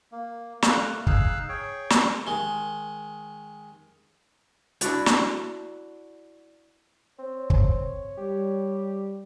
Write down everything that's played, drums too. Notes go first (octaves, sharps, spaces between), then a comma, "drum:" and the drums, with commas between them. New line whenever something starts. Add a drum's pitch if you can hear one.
A#3
A3 A#3 F6 F#6, drum: snare
D#4 G#4 F5 E6 F#6, drum: kick
G#4 C#5 G5
drum: snare
D#3 G#3
D4 E4 F#4 D5, drum: hi-hat
drum: snare
C4 C#5
drum: kick
G3 G4